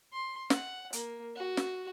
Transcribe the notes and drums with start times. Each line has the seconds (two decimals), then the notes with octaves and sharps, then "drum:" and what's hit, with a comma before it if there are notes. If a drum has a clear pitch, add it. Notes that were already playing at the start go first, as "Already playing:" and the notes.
0.13 C6
0.50 F#5, drum: snare
0.93 A#3, drum: hi-hat
1.36 F#4
1.57 drum: snare